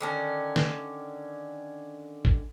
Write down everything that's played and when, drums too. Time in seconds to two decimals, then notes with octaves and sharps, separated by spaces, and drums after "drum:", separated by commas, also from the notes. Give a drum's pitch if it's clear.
0.01 D3 D#3 C#4
0.56 drum: snare
2.25 drum: kick